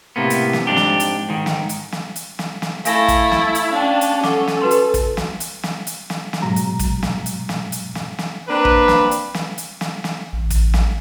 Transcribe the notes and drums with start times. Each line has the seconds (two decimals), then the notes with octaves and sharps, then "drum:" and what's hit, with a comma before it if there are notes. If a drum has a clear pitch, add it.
0.16 A2 C3 A#3 B3
0.30 drum: hi-hat
0.53 drum: snare
0.67 F2 G#2 D4 G4
0.76 drum: snare
1.00 drum: hi-hat
1.29 G#2 D#3
1.46 drum: snare
1.69 drum: hi-hat
1.92 drum: snare
2.16 drum: hi-hat
2.39 drum: snare
2.62 drum: snare
2.85 A3 E4 F5 G#5 A#6, drum: hi-hat
3.08 drum: kick, hi-hat
3.32 drum: snare
3.55 drum: hi-hat
3.72 C#4 D4 F5 G5
4.01 drum: hi-hat
4.24 A4 F#5 D6, drum: snare
4.47 drum: snare
4.61 F#4 B4 C6
4.71 drum: hi-hat
4.94 drum: kick, hi-hat
5.17 drum: snare
5.40 drum: hi-hat
5.63 drum: snare
5.87 drum: hi-hat
6.10 drum: snare
6.33 drum: snare
6.42 G#2 B2 F#3 G#3 A#5
6.56 drum: hi-hat
6.79 drum: kick, hi-hat
7.03 drum: snare
7.26 drum: hi-hat
7.49 drum: snare
7.72 drum: hi-hat
7.95 drum: snare
8.19 drum: snare
8.48 A#3 C4 D4 B4
8.65 drum: kick
8.88 drum: snare
9.11 drum: hi-hat
9.34 drum: snare
9.58 drum: hi-hat
9.81 drum: snare
10.04 drum: snare
10.33 A1
10.50 drum: kick, hi-hat
10.74 drum: snare